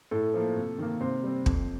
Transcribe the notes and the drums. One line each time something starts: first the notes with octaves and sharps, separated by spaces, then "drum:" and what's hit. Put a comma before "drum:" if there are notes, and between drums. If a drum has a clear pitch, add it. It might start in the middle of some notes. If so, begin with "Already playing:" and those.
A2 A4
F3 A#3
C3
D#3 A#3
C3 C5
G3 C4
F2, drum: kick